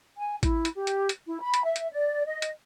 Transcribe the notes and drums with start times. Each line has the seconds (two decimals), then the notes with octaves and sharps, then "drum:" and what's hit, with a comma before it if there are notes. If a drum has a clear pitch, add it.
0.16 G#5
0.43 E4, drum: kick A1, hi-hat
0.65 drum: hi-hat
0.76 G4
0.87 drum: hi-hat
1.09 drum: hi-hat
1.25 E4
1.41 B5
1.54 drum: hi-hat
1.63 E5
1.76 drum: hi-hat
1.92 D5
2.25 D#5
2.42 drum: hi-hat